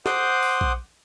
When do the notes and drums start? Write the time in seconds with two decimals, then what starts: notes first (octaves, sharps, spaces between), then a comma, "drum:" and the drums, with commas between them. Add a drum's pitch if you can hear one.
0.06 C5 F#5 C6 D6 D#6 G6, drum: snare
0.43 drum: open hi-hat
0.61 drum: kick A#1